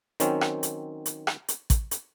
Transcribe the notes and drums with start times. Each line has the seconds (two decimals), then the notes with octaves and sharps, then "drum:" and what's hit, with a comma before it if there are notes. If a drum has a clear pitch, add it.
0.20 D#3 F#3 C4 C#4, drum: hi-hat
0.41 drum: rim click
0.63 drum: hi-hat
1.06 drum: hi-hat
1.27 drum: rim click
1.48 drum: hi-hat
1.70 drum: kick, hi-hat
1.91 drum: hi-hat